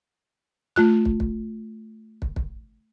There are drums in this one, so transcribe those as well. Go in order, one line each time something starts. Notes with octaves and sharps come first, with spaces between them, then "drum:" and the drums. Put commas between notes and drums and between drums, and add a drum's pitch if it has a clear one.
A3 F4 F#6
drum: kick
drum: kick
drum: kick
drum: kick